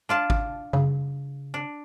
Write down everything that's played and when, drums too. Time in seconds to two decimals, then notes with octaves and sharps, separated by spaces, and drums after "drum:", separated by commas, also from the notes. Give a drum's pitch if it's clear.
0.09 D4 F4 A5
0.30 drum: kick G#1
0.73 C#3, drum: tom F#2
1.54 D4